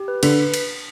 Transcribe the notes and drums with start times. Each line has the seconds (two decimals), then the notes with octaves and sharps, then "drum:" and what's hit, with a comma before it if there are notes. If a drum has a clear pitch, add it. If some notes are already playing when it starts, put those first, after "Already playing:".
Already playing: G4
0.08 B4
0.23 D3 B4, drum: cymbal
0.54 drum: cymbal